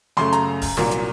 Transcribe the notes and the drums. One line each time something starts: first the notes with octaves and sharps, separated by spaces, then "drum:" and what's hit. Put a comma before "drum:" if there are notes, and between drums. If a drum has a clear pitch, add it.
F#2 C#3 A3 C6, drum: snare
A#5, drum: hi-hat
drum: kick D1, open hi-hat
C2 A#2 F#3 A#3, drum: snare
drum: hi-hat